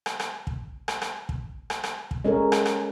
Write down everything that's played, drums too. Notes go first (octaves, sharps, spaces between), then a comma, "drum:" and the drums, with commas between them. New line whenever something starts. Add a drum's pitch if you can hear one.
drum: rim click
drum: rim click
drum: kick
drum: rim click
drum: rim click
drum: kick
drum: rim click
drum: rim click
drum: kick
G#3 C#4 A4 A#4 C#5
drum: rim click
drum: rim click